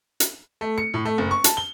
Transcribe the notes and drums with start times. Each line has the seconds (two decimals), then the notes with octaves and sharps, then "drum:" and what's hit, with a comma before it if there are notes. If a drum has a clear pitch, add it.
0.20 drum: hi-hat
0.61 A3
0.78 C#7
0.94 A2
1.05 A3
1.18 F#1
1.31 C#6
1.44 A5, drum: hi-hat
1.57 G7